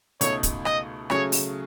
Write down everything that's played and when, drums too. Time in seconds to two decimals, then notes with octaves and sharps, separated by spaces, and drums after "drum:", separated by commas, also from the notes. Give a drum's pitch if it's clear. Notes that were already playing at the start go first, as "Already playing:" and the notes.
0.21 C#2 B2 A3 D#4 A4 C#5, drum: hi-hat
0.43 drum: kick, hi-hat
0.65 D#5, drum: rim click
1.10 C#3 F#3 A3 C#4 G#4 C#5, drum: rim click
1.32 drum: open hi-hat